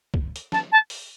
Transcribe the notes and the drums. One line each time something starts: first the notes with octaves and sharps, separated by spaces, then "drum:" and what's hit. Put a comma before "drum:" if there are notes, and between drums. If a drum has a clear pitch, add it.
drum: kick
drum: hi-hat
A5, drum: snare
A5
drum: open hi-hat